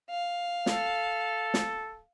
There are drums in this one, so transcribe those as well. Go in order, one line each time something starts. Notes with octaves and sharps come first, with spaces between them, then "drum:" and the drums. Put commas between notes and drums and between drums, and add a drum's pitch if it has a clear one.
F5
A4, drum: snare
drum: snare